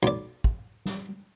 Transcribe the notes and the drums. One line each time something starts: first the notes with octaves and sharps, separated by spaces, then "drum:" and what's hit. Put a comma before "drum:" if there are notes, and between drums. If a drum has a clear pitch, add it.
B1 D5
drum: kick
drum: snare